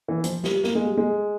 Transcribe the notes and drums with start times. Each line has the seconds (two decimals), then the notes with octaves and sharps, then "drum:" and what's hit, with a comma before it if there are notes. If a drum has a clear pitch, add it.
0.08 E3
0.24 F3, drum: hi-hat
0.44 G3, drum: snare
0.64 A#3, drum: snare
0.75 G#3
0.86 G3
0.97 G#3